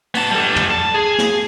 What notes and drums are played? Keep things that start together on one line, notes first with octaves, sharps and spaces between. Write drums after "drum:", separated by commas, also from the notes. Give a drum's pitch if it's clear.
B3 A5, drum: open hi-hat
G3 A4
drum: tom
A5
G#4
drum: snare